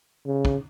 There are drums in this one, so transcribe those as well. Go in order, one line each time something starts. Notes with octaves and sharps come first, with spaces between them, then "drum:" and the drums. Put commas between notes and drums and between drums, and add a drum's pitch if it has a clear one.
C#3
drum: kick